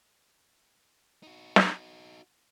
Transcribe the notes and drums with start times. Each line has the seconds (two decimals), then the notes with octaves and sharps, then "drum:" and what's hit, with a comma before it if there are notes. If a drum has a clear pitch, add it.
1.23 D#4 F#4
1.56 drum: snare